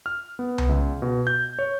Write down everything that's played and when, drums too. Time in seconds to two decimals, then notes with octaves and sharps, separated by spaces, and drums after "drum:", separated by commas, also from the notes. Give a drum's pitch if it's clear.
0.06 F6
0.39 B3
0.58 drum: tom C2
0.69 C#2
1.02 B2
1.27 G6
1.59 C#5